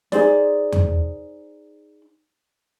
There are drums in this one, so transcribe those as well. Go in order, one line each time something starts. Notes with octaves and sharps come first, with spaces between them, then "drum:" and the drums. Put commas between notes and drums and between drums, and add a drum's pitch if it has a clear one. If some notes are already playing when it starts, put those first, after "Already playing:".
D#4 G#4 C5 D5, drum: snare
drum: tom E2